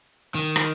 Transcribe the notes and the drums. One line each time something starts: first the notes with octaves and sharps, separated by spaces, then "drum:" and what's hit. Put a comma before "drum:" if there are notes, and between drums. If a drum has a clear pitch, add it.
D#3
drum: rim click